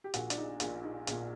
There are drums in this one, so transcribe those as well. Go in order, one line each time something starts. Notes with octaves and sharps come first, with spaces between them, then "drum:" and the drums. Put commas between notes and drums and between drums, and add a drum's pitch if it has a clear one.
G4
A#1 A#2 F#4, drum: hi-hat
D4, drum: hi-hat
D#4
A#1 A#2 D4, drum: hi-hat
D#4
A#1 A#2, drum: hi-hat